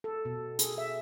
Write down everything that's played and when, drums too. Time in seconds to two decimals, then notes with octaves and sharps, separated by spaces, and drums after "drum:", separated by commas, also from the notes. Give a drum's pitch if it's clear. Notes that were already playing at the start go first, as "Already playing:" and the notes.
0.04 A4
0.25 B2
0.59 G#4, drum: hi-hat
0.78 E5